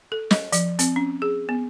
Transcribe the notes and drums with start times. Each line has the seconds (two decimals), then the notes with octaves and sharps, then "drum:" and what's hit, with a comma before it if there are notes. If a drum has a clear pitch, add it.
0.12 A4
0.31 D#5, drum: snare
0.52 F3, drum: hi-hat
0.79 C4, drum: hi-hat
0.96 C#4
1.22 G#4
1.49 B3